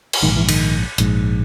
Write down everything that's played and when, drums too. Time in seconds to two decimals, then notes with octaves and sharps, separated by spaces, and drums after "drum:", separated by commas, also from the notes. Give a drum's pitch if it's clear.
0.13 drum: cymbal
0.23 A#1 G#2 D#3
0.36 E3
0.49 D#3, drum: cymbal
0.98 A#1 G#2, drum: hi-hat